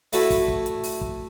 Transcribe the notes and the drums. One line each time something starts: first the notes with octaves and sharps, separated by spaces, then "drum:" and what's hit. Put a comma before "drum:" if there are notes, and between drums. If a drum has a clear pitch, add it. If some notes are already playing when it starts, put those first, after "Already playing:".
A3 D4 E4 F#4 A4 B4, drum: open hi-hat
drum: kick, open hi-hat
drum: kick
drum: hi-hat
drum: open hi-hat
drum: kick